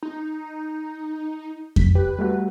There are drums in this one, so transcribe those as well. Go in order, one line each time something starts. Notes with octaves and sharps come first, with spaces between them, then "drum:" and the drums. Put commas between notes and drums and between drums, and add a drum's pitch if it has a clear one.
D#4
B6, drum: kick F2
G4 B4
G3 A3 F#4